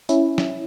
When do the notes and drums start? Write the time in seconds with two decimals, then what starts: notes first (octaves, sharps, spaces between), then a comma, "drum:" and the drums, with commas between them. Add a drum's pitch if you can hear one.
0.09 C#4 E4, drum: tambourine
0.38 drum: snare